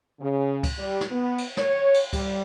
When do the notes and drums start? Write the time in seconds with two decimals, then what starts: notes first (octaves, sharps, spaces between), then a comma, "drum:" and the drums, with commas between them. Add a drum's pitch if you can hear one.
0.19 C#3
0.63 drum: kick C#2, cymbal
0.78 G3
1.01 drum: snare
1.11 B3
1.38 drum: cymbal
1.57 C#5, drum: snare
1.94 drum: cymbal
2.13 G3, drum: kick C#2, cymbal